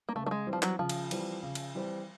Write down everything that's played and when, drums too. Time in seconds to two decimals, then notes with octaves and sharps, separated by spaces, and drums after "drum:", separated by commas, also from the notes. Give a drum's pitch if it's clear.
0.09 A#3
0.15 C#3 A3
0.26 A3
0.31 G#3
0.47 E3 G3 C4
0.53 F3
0.63 F#3, drum: clap
0.79 C#3 F3
0.89 drum: cymbal
1.11 E3 G3 C4, drum: cymbal
1.43 C#3
1.55 drum: cymbal
1.75 E3 G3 C4